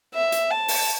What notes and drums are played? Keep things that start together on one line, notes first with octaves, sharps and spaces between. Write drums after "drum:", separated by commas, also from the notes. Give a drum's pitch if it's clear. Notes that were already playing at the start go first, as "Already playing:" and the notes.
E5
drum: hi-hat
A5
drum: open hi-hat